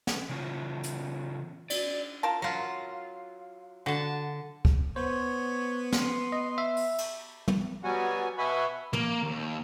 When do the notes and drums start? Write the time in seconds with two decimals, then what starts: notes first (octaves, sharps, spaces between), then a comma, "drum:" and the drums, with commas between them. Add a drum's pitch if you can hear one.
0.07 drum: snare
0.29 C#3 E3 C#4 F4
0.84 drum: hi-hat
1.70 D5, drum: cymbal
2.23 F4 A#4 A5
2.42 F#3 F4 A#4 F#5
3.86 D3 F#4 A5
4.65 drum: kick C#2
4.96 B3 C5 C#5
5.92 C6, drum: snare
6.32 D#5
6.58 E5
6.77 drum: open hi-hat
6.98 drum: cymbal
7.48 drum: tom
7.84 F#3 G3 B3 F#4 G#5
8.38 B4 E5 F#5 G#5 B5 C#6
8.93 A#3, drum: tom
9.23 D#2